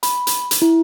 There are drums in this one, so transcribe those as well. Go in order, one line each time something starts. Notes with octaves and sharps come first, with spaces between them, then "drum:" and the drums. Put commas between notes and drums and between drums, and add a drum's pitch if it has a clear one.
B5, drum: hi-hat
drum: hi-hat
drum: hi-hat
E4